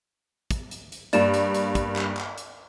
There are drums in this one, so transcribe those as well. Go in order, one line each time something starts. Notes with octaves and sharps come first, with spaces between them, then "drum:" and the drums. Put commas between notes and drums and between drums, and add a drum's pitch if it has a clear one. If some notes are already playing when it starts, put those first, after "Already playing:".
drum: kick, hi-hat
drum: hi-hat
drum: hi-hat
G2 A#3 D5 E7, drum: hi-hat
drum: hi-hat
drum: hi-hat
drum: kick, hi-hat
drum: clap
drum: clap
drum: hi-hat